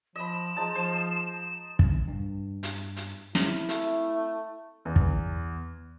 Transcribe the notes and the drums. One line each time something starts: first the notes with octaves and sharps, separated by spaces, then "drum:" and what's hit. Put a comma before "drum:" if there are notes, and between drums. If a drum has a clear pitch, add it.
F3 D#5 B5 E7
F3 G#3 D#4 A5
F3 C5
drum: kick
G2
G2, drum: hi-hat
drum: hi-hat
C4 E4 F6, drum: snare
A3, drum: hi-hat
E2
drum: kick